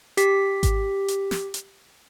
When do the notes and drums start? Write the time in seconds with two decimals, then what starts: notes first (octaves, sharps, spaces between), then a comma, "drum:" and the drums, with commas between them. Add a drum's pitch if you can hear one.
0.17 G4 B6, drum: hi-hat
0.63 drum: kick G#1, hi-hat
1.08 drum: hi-hat
1.31 drum: snare
1.54 drum: hi-hat